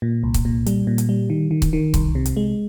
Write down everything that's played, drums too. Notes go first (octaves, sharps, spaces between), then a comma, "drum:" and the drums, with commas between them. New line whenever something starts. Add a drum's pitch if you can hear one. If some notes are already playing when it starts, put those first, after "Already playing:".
A#2
C2
drum: kick C#1, hi-hat
A#2
G3, drum: hi-hat
A#2
drum: hi-hat
G3
D#3
D#3
drum: kick C#1, hi-hat
D#3
C2, drum: kick C#1, hi-hat
C3
drum: hi-hat
G#3